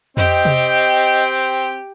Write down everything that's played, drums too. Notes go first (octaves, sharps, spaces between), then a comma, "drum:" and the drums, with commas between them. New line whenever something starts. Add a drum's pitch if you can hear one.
C4 G4 D#5, drum: tom F2
drum: tom C3